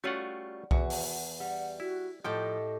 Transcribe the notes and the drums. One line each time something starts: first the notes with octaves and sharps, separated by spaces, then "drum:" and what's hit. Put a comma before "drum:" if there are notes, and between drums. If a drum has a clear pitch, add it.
G3 A3 C#4 F4 F#4 F#5
E2 F#4, drum: kick B1
drum: open hi-hat
G3 F#5
E4 F#4
A2 F3 G4 A4 D#5 G5